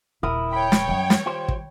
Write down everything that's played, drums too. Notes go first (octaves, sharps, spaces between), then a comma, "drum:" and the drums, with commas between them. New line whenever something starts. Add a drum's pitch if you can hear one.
D#1 C#3 E4 A#4 D#6
C#5 G5 B5
drum: snare
C#2 F#2 D#3 G3
drum: snare
F4 G4 C5
drum: kick